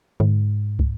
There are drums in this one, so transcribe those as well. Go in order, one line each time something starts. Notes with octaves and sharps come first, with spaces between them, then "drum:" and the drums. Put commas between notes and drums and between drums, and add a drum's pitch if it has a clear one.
G#2, drum: tom D3
drum: kick